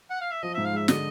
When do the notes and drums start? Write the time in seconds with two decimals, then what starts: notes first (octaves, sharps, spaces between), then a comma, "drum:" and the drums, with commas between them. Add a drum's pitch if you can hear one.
0.10 F#5
0.21 F5
0.31 E5
0.43 F3 D#5
0.54 E5
0.57 G#2
0.65 F5
0.73 G#3 E5
0.88 D3 D#5, drum: snare